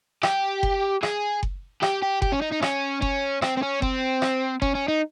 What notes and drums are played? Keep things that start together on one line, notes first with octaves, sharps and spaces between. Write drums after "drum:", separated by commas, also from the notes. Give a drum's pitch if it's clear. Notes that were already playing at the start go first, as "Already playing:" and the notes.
G4, drum: rim click
drum: kick F#1
G#4, drum: rim click
drum: kick F#1
G4, drum: rim click
G4
G4, drum: kick F#1
C#4
D#4
D#4
C#4, drum: rim click
C#4, drum: kick F#1
C4, drum: rim click
C4
C#4
C4, drum: kick F#1
drum: rim click
C#4, drum: kick F#1
C#4
D#4